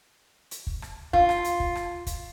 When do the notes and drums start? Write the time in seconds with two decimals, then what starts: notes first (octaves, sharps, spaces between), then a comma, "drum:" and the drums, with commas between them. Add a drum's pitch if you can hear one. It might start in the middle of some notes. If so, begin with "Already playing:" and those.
0.51 drum: hi-hat
0.67 drum: kick
0.82 drum: rim click
1.13 F4, drum: kick
1.29 drum: rim click
1.44 drum: hi-hat
1.60 drum: kick
1.75 drum: rim click
2.07 drum: kick, hi-hat